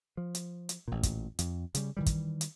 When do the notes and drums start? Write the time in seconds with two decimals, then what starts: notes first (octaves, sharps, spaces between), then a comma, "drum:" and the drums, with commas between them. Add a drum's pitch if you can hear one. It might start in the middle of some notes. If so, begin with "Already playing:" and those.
0.17 F3
0.35 drum: hi-hat
0.69 drum: hi-hat
0.88 A1 A#2
1.03 drum: kick, hi-hat
1.39 F2, drum: hi-hat
1.75 C#3 G3, drum: hi-hat
1.97 D#3 E3 G3
2.06 drum: kick, hi-hat
2.41 drum: hi-hat